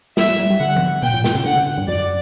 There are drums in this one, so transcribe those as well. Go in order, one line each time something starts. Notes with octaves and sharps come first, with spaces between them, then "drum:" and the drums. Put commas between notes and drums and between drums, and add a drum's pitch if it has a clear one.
G3 E5, drum: snare
G3
G3
G3
D3 F#5
drum: tom
B2 G5
A#2
B2, drum: snare
C#3
D3 F#5
D3
G2
F#2 D5